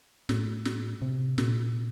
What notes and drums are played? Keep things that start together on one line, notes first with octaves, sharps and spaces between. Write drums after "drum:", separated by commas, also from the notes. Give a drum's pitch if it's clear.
A2, drum: snare
drum: snare
C3
A#2, drum: snare